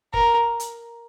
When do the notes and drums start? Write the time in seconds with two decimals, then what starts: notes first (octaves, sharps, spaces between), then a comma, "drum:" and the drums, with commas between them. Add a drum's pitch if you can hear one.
0.14 A#4, drum: kick
0.60 drum: hi-hat